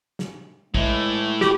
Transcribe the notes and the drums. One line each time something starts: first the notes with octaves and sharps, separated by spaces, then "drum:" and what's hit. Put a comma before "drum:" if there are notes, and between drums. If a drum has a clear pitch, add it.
drum: snare
A2 E3 G#3 A3, drum: kick
G4, drum: snare